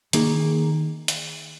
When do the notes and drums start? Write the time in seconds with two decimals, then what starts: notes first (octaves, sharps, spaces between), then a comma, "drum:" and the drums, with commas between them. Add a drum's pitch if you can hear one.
0.13 D#3 A#3 D#4 G#4, drum: hi-hat
1.08 drum: hi-hat